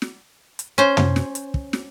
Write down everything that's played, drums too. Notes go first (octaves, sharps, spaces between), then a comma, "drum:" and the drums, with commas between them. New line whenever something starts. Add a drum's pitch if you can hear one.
drum: snare
drum: hi-hat
C#4 C5
drum: tom
drum: snare
drum: hi-hat
drum: kick
drum: snare